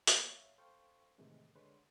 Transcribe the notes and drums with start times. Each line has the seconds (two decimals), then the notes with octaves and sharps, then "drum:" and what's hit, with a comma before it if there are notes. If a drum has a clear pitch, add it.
0.07 A#3 B3, drum: hi-hat
0.28 C#5 E5 F5
0.58 A4 C5 F5 G5 C6 C#6
1.18 A2 C3 D#3 E3 G#3
1.55 D3 G#3 B4 C#5 C6